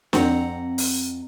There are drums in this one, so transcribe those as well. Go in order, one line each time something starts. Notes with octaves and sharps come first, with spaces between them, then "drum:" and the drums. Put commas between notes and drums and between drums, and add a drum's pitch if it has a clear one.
F2 C4 F#5 A#5, drum: snare D4
drum: open hi-hat